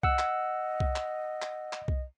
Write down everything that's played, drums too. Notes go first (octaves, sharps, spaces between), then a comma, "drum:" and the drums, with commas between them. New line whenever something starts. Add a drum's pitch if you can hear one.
D#5 F#5 E6, drum: kick C2
drum: clap
drum: kick C2
drum: clap
drum: clap
drum: clap
drum: kick C2